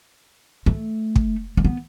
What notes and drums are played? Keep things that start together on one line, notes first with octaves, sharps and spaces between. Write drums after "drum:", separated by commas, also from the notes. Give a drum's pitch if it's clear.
A3
drum: kick
A3
B3